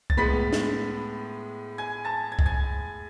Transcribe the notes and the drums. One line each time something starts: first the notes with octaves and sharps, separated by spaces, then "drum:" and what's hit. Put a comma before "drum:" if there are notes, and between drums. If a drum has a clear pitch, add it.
A6, drum: kick C2
A2 G#3 B3 B5 B6
drum: snare
G#5 G#6
A5 A6
G#6
A6, drum: kick C2
G#5 G#6